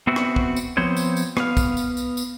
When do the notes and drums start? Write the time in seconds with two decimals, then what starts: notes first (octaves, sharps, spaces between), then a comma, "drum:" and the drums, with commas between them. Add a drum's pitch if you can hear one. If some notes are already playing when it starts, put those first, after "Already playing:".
0.07 B3 C4 F#4 E5
0.16 drum: rim click
0.36 drum: kick
0.56 drum: tambourine
0.77 F3 B3 C4 C5 C#5
0.97 drum: tambourine
1.17 drum: tambourine
1.37 B3 F5, drum: rim click
1.57 drum: kick, tambourine
1.77 drum: tambourine
1.97 drum: tambourine
2.17 drum: tambourine